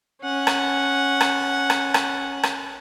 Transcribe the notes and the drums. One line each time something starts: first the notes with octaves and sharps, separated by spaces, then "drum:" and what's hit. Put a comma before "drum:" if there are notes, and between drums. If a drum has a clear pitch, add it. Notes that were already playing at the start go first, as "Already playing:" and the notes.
C#4 F#5
drum: rim click
drum: rim click
drum: rim click
drum: rim click
drum: rim click